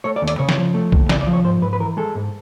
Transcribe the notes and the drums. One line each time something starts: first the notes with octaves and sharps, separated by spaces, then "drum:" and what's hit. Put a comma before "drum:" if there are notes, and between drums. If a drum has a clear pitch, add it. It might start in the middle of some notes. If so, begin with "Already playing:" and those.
A3 C#5
D5
D#2
D5, drum: hi-hat
C#3 C#5
drum: snare
F3
A3
D#2, drum: kick B1
C#3 D5, drum: snare
D5
F3
C#5
G#2 C5
G#2 B4
B4
E3 A#4
G#3 A4
G#2